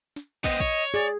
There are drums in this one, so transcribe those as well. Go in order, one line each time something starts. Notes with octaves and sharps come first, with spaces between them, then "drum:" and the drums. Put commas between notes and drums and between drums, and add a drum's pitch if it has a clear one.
drum: snare
B3 C4 D#5, drum: kick
C#5, drum: kick
G#4 D5